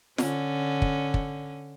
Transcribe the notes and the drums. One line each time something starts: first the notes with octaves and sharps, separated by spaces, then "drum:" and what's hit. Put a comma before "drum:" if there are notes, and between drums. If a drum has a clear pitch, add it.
D3 C#4, drum: snare F4
drum: kick
drum: kick